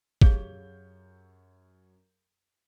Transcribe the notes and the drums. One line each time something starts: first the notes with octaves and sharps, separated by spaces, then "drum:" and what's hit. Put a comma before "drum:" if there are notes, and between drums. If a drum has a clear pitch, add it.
F#2 G4 G#4 C#5 F5 G6, drum: kick G#1